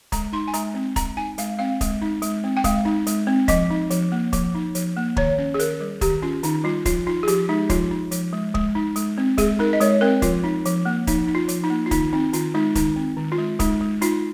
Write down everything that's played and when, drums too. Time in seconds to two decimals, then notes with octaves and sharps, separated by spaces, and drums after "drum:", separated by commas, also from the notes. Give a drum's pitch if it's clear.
0.12 G#3 A#5, drum: kick, hi-hat
0.33 D#4 C6
0.48 G#5
0.54 G#3 A#5, drum: hi-hat
0.74 C4
0.96 G#3 A#5, drum: kick, hi-hat
1.16 D#4 G#5
1.38 G#3 F5, drum: hi-hat
1.59 C4 F5
1.81 G#3, drum: kick, hi-hat
2.02 D#4
2.22 G#3, drum: hi-hat
2.44 C4
2.57 G5
2.64 G#3 F5, drum: kick, hi-hat
2.85 D#4
3.07 G#3, drum: hi-hat
3.27 C4
3.48 F3 D#5, drum: kick, hi-hat
3.70 D#4
3.90 F3, drum: hi-hat
4.12 A#3
4.33 F3, drum: kick, hi-hat
4.55 D#4
4.75 F3, drum: hi-hat
4.97 A#3
5.17 D#3 C#5, drum: kick
5.38 C#4
5.54 G#4
5.59 D#3 A#4, drum: hi-hat
5.80 G3
6.01 D#3 G4, drum: kick, hi-hat
6.22 C#4 F4
6.43 D#3 D#4, drum: hi-hat
6.64 G3 F4
6.86 F3 F4, drum: kick, hi-hat
7.06 D#4 F4
7.23 G#4
7.28 F3 G4, drum: hi-hat
7.49 G#3 D#4
7.70 F3 F4, drum: kick, hi-hat
7.91 D#4
8.11 F3, drum: hi-hat
8.33 G#3
8.55 G#3, drum: kick
8.75 D#4
8.96 G#3, drum: hi-hat
9.18 C4
9.38 G#3 G#4, drum: kick, hi-hat
9.59 D#4 A#4
9.73 D#5
9.80 G#3 C#5, drum: hi-hat
10.01 C4 A#4
10.22 F3 F4, drum: kick, hi-hat
10.44 D#4
10.65 F3, drum: hi-hat
10.85 A#3
11.07 F3 D#4, drum: kick, hi-hat
11.28 D#4
11.35 F4
11.48 F3, drum: hi-hat
11.64 D#4
11.70 A#3
11.86 F4
11.91 D#3 D#4, drum: kick, hi-hat
12.13 C4 D#4
12.33 D#3 F4, drum: hi-hat
12.54 G#3 D#4
12.75 D#3 D#4, drum: kick, hi-hat
12.96 C4
13.17 D#3
13.32 F4
13.38 G#3
13.60 G#3 D#4, drum: kick, hi-hat
13.81 G#3
14.02 D#4 F4, drum: hi-hat